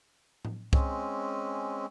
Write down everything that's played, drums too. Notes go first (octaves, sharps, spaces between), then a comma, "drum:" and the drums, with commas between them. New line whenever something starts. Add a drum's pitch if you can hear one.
drum: tom A2
G#3 C4 C#4, drum: kick C2